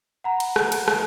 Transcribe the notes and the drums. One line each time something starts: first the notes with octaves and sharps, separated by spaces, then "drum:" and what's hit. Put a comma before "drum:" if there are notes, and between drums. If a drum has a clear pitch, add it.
F#5 A#5 B5
drum: cymbal
drum: rim click
drum: cymbal
drum: rim click